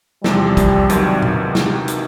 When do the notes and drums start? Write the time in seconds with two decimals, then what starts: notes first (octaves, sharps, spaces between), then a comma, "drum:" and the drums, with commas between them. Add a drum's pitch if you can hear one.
0.24 E2 C3 F3 G3, drum: snare
0.57 drum: kick, hi-hat
0.89 C#2 C3 D#3 F#3, drum: hi-hat
1.22 drum: tom A#2
1.55 drum: snare
1.88 drum: hi-hat